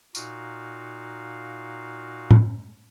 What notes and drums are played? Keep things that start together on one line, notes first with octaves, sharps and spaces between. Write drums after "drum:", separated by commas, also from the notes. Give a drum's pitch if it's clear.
A#2 D#4 F#4 F5, drum: tambourine
drum: tom A2